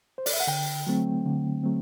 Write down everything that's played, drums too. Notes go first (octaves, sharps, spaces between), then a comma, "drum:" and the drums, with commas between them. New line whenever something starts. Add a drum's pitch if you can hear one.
C5
D5, drum: open hi-hat
E5
F#5
D3 G5
F#3 A3 C4
D3
F#3 A3 C4